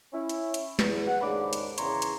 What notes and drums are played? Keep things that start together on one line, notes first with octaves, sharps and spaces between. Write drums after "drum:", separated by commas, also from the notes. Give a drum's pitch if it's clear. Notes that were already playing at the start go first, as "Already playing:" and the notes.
C#4 E4
drum: hi-hat
drum: hi-hat
E2, drum: snare
F#5
D#2 G#2 C#3 D4 B5 D6
drum: hi-hat
E2 C#3 C#5 A#5 C6 C#6, drum: hi-hat
drum: hi-hat